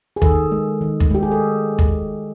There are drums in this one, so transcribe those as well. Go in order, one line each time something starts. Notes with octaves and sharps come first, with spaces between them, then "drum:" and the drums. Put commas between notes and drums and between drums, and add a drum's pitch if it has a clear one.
G#4
D#3 A4, drum: kick
G#3
D#3
drum: kick
G#3 G4
G#4
A4
drum: kick